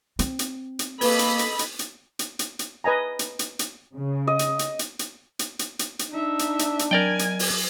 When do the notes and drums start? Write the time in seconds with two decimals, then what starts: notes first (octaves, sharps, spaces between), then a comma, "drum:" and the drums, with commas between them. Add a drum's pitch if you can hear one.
0.19 C4, drum: hi-hat
0.39 drum: hi-hat
0.79 drum: hi-hat
1.01 A#3 A4 B4 D#5 B5, drum: open hi-hat
1.19 drum: hi-hat
1.39 drum: hi-hat
1.59 drum: hi-hat
1.79 drum: hi-hat
2.19 drum: hi-hat
2.39 drum: hi-hat
2.59 drum: hi-hat
2.84 B4 D#5 G#5 A#5
3.19 drum: hi-hat
3.39 drum: hi-hat
3.59 drum: hi-hat
3.94 C#3
4.27 D#5
4.39 drum: hi-hat
4.59 drum: hi-hat
4.79 drum: hi-hat
4.99 drum: hi-hat
5.39 drum: hi-hat
5.59 drum: hi-hat
5.79 drum: hi-hat
5.99 drum: hi-hat
6.11 D4 D#4 E5
6.39 drum: hi-hat
6.59 drum: hi-hat
6.79 drum: hi-hat
6.91 F#3 A#4 D5 G5 G#5
7.19 drum: hi-hat
7.39 drum: open hi-hat